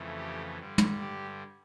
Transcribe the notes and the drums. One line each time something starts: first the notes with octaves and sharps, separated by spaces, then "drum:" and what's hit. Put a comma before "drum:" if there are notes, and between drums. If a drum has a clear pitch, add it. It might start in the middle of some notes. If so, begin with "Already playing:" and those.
Already playing: F2 C#3 E3 A3
G4
G2 D3 G3
drum: tom
G4